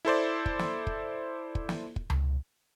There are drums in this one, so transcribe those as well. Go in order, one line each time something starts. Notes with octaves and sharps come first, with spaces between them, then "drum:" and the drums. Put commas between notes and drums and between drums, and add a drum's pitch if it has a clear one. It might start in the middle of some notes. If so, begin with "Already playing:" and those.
E4 A4 C5 D5
drum: kick
drum: snare
drum: kick
drum: kick
drum: snare
drum: kick
drum: tom C#2